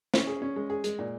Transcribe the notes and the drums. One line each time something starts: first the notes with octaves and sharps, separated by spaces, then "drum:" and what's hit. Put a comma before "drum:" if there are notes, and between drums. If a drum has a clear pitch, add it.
C#4, drum: snare
G#4
C#4
G#3
G#4
G#3, drum: hi-hat
A#2